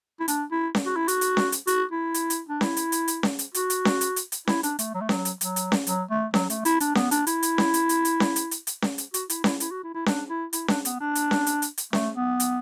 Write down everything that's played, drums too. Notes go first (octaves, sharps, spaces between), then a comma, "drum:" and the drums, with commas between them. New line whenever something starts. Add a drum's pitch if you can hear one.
E4
D4, drum: hi-hat
E4
drum: snare C#4
F#4
E4
F#4, drum: hi-hat
drum: hi-hat
drum: snare C#4
drum: hi-hat
F#4, drum: hi-hat
E4
drum: hi-hat
drum: hi-hat
D4
E4, drum: snare C#4
drum: hi-hat
drum: hi-hat
drum: hi-hat
drum: snare C#4
drum: hi-hat
F#4, drum: hi-hat
drum: hi-hat
drum: snare C#4
drum: hi-hat
drum: hi-hat
drum: hi-hat
E4, drum: snare C#4
D4, drum: hi-hat
A3, drum: hi-hat
F#3
A3
F#3, drum: snare C#4
drum: hi-hat
F#3, drum: hi-hat
drum: hi-hat
drum: snare C#4
F#3, drum: hi-hat
A3
F#3, drum: snare C#4
A3, drum: hi-hat
E4, drum: hi-hat
D4, drum: hi-hat
B3, drum: snare C#4
D4, drum: hi-hat
E4, drum: hi-hat
drum: hi-hat
drum: snare C#4
drum: hi-hat
drum: hi-hat
drum: hi-hat
drum: snare C#4
drum: hi-hat
drum: hi-hat
drum: hi-hat
drum: snare C#4
drum: hi-hat
F#4, drum: hi-hat
E4, drum: hi-hat
E4, drum: snare C#4
E4, drum: hi-hat
F#4
E4
E4
D4, drum: snare C#4
E4
E4, drum: hi-hat
D4, drum: snare C#4
B3, drum: hi-hat
D4
drum: hi-hat
drum: snare C#4
drum: hi-hat
drum: hi-hat
drum: hi-hat
A3, drum: snare C#4
B3
drum: hi-hat